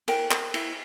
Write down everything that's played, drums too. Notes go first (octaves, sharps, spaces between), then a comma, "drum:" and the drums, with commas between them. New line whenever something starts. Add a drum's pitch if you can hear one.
A#4 G5, drum: cymbal
A#4, drum: clap
E4, drum: cymbal